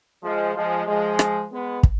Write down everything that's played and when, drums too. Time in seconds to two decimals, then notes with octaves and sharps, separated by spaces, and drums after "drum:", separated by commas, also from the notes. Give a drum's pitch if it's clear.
0.22 F3 G#3
0.54 F3 G#3
0.87 F3 G#3
1.19 drum: rim click
1.51 G#3 B3
1.83 drum: kick